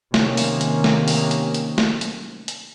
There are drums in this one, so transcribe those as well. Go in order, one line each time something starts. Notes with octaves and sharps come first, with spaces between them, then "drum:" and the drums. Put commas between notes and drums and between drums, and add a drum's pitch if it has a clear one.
C3 D#3 A#3 C#4, drum: snare
drum: open hi-hat
drum: hi-hat
drum: snare
drum: open hi-hat
drum: hi-hat
drum: hi-hat
drum: snare
drum: hi-hat
drum: hi-hat